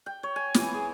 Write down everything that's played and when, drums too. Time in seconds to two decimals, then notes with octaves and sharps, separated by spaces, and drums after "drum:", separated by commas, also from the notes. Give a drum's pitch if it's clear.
0.06 G5
0.23 C#5
0.36 G#5
0.54 E3, drum: snare
0.74 G#4